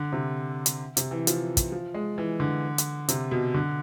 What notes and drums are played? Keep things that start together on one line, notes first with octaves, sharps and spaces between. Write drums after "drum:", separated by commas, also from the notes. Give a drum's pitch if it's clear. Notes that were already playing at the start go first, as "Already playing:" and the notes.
Already playing: D3
C3
drum: hi-hat
C3, drum: hi-hat
E3
F3, drum: hi-hat
drum: kick, hi-hat
F3
G#3
E3
D3
drum: hi-hat
C3, drum: hi-hat
B2
D3